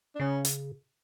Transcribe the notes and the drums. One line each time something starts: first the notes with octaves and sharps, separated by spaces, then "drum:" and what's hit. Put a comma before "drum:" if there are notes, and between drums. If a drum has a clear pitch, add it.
D4
C#3 C#4
drum: hi-hat